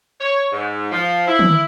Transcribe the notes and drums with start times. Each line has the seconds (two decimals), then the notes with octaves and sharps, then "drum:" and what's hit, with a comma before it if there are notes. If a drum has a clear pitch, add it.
0.20 C#5
0.52 G#2
0.91 F3
1.27 E4
1.39 drum: tom